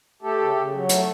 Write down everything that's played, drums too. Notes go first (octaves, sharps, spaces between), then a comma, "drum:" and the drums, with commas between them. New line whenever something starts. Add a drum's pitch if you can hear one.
A3 G4 A4
C#3
C#3
F#3
A3, drum: hi-hat